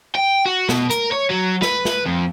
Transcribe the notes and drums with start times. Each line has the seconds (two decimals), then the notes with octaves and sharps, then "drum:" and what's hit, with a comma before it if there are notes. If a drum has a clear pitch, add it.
0.15 G5
0.45 F#4
0.69 B2, drum: snare
0.91 A#4, drum: hi-hat
1.12 C#5
1.31 F#3
1.62 B4, drum: snare
1.85 drum: snare
2.06 F2